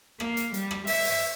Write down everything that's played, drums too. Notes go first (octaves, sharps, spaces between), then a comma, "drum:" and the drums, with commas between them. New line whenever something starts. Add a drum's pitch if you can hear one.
A#3, drum: rim click
drum: hi-hat
G3, drum: hi-hat
drum: rim click
E5, drum: open hi-hat
drum: open hi-hat